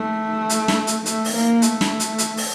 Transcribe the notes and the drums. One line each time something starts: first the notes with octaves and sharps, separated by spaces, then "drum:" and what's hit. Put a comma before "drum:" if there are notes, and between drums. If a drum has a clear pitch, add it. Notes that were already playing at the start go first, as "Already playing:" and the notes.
Already playing: A3
drum: hi-hat
drum: snare
drum: hi-hat
A3, drum: hi-hat
drum: open hi-hat
A#3
A3, drum: hi-hat
drum: snare
drum: hi-hat
drum: hi-hat
drum: open hi-hat